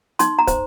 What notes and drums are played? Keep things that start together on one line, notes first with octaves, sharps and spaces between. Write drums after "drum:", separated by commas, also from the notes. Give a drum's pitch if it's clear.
D#4 C6, drum: hi-hat
A#5
C5, drum: kick, hi-hat